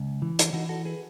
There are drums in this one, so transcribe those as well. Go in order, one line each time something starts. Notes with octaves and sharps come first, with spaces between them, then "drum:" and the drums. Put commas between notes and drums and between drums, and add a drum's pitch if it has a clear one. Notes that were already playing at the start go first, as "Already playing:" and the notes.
Already playing: C#2
E3
drum: hi-hat
E3 D#4 F#4
F#4 A4
G#4 B4